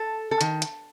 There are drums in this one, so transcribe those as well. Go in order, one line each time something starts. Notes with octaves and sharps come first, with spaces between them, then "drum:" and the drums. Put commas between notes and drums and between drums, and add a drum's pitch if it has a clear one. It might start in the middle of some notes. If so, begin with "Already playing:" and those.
Already playing: A4
A4
D#3, drum: hi-hat
drum: hi-hat